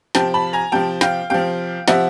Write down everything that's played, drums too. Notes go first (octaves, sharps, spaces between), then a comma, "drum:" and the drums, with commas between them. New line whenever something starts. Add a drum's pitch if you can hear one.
C3 F3 G5 A5, drum: snare
A5 B5
G#5 A#5
C3 F3 G5 A5
F5 G5, drum: snare
C3 F3 F5 G5
C3 F3 E5 F#5, drum: snare